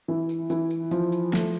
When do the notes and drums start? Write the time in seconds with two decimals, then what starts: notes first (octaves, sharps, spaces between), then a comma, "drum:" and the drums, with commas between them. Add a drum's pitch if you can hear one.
0.08 E3
0.29 drum: tambourine
0.50 E3, drum: tambourine
0.71 drum: tambourine
0.91 F3, drum: tambourine
1.12 drum: tambourine
1.33 A3, drum: snare